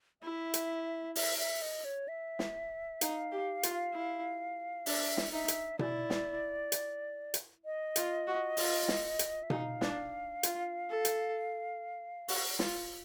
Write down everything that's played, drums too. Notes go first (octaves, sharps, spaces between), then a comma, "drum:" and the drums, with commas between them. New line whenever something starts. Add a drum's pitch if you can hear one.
E4 E5
drum: hi-hat
E5, drum: open hi-hat
E5
D#5
C#5
E5
drum: snare
D#4 F5, drum: hi-hat
G4
F4, drum: hi-hat
E4
D4 E5, drum: open hi-hat
drum: snare
D#4 E5
drum: hi-hat
E4 D5, drum: tom B2
drum: snare
drum: hi-hat
drum: hi-hat
D#5
F4, drum: hi-hat
F#4
F4, drum: open hi-hat
drum: snare
drum: hi-hat
E5
D#4 F5, drum: tom B2
D4, drum: snare
F4, drum: hi-hat
A4
drum: hi-hat
F#4, drum: open hi-hat
F4, drum: snare